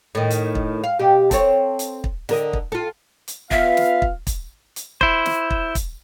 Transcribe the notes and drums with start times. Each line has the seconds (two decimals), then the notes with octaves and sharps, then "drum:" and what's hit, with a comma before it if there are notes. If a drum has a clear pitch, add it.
0.15 A2 D#3
0.30 drum: hi-hat
0.55 drum: kick
0.84 F5
0.99 B2 G4
1.31 C4 A4 C#5, drum: kick, hi-hat
1.79 drum: hi-hat
2.04 drum: kick
2.29 D3 A#4 D#5, drum: snare
2.53 drum: kick
2.72 F4 A4
3.28 drum: hi-hat
3.51 B3 F4 E5 F5, drum: kick
3.77 drum: snare
4.02 drum: kick
4.27 drum: kick, hi-hat
4.76 drum: hi-hat
5.01 E4 C5, drum: kick
5.26 drum: snare
5.50 drum: kick
5.75 drum: kick, hi-hat